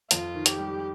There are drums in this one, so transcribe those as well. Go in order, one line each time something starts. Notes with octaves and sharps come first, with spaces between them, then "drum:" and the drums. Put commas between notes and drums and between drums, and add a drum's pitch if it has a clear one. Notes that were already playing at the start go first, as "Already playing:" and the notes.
F2 F4, drum: hi-hat
D#3
G4, drum: hi-hat
G3